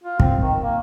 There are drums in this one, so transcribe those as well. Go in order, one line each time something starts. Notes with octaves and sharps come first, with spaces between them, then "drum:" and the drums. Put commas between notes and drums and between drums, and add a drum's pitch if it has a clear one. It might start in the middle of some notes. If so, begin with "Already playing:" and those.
F4
C4, drum: kick
D#3
A#3